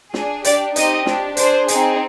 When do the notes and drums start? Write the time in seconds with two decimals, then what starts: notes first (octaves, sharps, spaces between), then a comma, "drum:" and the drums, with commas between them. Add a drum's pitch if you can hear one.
0.14 D4 G#4, drum: snare
0.45 D4 G4 D5, drum: hi-hat
0.76 C4 D#4 G4 D#5, drum: hi-hat
1.06 D4 G4, drum: snare
1.37 D4 G#4 C5, drum: hi-hat
1.68 C4 D#4 G#4, drum: hi-hat